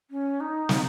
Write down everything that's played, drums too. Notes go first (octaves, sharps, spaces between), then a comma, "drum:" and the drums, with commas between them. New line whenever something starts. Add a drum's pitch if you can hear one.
C#4
D#4
drum: snare